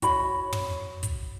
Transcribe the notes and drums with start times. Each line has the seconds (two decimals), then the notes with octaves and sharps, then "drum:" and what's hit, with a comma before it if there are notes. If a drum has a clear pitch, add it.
0.02 F#4 C#5 B5, drum: kick, hi-hat
0.53 drum: tom
1.03 drum: kick, hi-hat